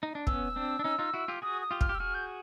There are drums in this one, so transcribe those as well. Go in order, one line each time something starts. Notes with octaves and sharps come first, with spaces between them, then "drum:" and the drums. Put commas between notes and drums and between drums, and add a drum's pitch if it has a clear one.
D#4
D4
B3 C#4 E6, drum: kick
C4 D4
D4
C#4 D#4
D#4 F4
E4 F#4
F4 G4
F#4 G#4 D#6
D#6
F4 G4
F6, drum: kick
G4
E6
F#4 G#4 F6
G6